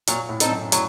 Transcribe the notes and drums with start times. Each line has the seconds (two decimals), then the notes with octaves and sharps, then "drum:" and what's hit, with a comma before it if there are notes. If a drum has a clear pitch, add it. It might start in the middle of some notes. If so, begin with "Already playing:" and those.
0.08 A#2 F#3, drum: hi-hat
0.29 A2
0.40 C4 D#4 A4, drum: hi-hat
0.51 F#2
0.72 A2 F#3, drum: hi-hat